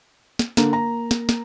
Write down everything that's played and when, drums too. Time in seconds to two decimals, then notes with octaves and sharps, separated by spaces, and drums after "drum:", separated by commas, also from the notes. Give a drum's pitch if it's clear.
0.39 drum: snare
0.57 D3 A#3 A#4, drum: snare
0.73 A#5
1.11 drum: snare
1.29 drum: snare